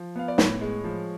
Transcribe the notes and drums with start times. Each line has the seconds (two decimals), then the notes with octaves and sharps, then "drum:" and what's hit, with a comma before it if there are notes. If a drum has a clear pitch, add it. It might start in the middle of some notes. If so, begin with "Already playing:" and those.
Already playing: F3
0.16 B3 F5
0.28 D5
0.38 A2 C#5, drum: snare
0.61 G#3
0.84 F3